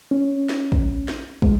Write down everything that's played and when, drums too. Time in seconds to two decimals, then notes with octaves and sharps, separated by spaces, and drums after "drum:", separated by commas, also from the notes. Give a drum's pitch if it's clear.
0.11 C#4
0.49 drum: snare
0.72 drum: kick
1.08 drum: snare
1.42 G#3, drum: kick